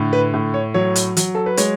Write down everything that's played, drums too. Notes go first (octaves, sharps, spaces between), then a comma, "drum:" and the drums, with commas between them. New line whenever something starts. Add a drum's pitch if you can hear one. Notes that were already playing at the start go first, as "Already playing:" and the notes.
Already playing: A2 D3
B4
A2
C#5
F#3 C#5
drum: hi-hat
F#3, drum: hi-hat
A4
B4
G#3 C#5, drum: hi-hat